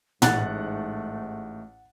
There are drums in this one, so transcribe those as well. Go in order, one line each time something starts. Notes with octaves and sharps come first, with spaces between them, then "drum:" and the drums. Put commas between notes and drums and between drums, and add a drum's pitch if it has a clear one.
A1 G#2 A3 F#5 F#6 A6, drum: tom